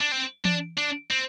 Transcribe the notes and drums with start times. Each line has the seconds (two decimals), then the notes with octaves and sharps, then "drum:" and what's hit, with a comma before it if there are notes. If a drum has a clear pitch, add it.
0.01 D4
0.12 C4
0.45 D4, drum: tom E3
0.78 D4
1.11 C4